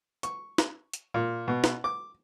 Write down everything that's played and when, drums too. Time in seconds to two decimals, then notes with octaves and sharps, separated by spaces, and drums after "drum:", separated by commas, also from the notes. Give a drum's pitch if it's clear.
0.23 C#6, drum: hi-hat
0.58 drum: snare
0.93 drum: hi-hat
1.14 A#2
1.48 B2
1.64 drum: snare
1.84 D6